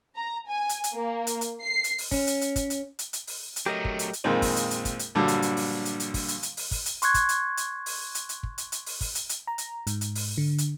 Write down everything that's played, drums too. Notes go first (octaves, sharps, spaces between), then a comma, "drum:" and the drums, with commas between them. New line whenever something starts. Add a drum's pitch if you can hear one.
A#5
G#5
drum: hi-hat
drum: hi-hat
A#3
drum: hi-hat
drum: hi-hat
C7
drum: hi-hat
drum: open hi-hat
C#4, drum: kick, open hi-hat
drum: hi-hat
drum: hi-hat
drum: kick, hi-hat
drum: hi-hat
drum: hi-hat
drum: hi-hat
drum: open hi-hat
drum: hi-hat
F#3 A3 G4 A#4 D#5
drum: kick
drum: hi-hat
drum: hi-hat
A#1 F2 D#3 G#3 C4
drum: kick, open hi-hat
drum: hi-hat
drum: hi-hat
drum: kick, hi-hat
drum: hi-hat
A#1 G2 D3 F#3 G3
drum: hi-hat
drum: hi-hat
drum: open hi-hat
drum: hi-hat
drum: hi-hat
drum: kick, open hi-hat
drum: hi-hat
drum: hi-hat
drum: open hi-hat
drum: kick, open hi-hat
drum: hi-hat
C6 C#6 F#6 G#6, drum: hi-hat
drum: kick, hi-hat
drum: hi-hat
drum: hi-hat
drum: open hi-hat
drum: hi-hat
drum: hi-hat
drum: kick
drum: hi-hat
drum: hi-hat
drum: open hi-hat
drum: kick, open hi-hat
drum: hi-hat
drum: hi-hat
A#5
drum: hi-hat
G#2, drum: hi-hat
drum: hi-hat
drum: open hi-hat
D3
drum: hi-hat